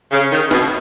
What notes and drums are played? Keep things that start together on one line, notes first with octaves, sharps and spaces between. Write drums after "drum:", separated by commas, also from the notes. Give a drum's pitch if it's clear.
C#3
D#3
B2, drum: snare